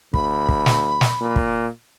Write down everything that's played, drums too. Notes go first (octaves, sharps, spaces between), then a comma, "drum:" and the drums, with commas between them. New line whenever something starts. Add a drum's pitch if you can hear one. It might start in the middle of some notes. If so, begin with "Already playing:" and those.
D2 B5, drum: kick
drum: kick
drum: snare
drum: snare
A#2
drum: kick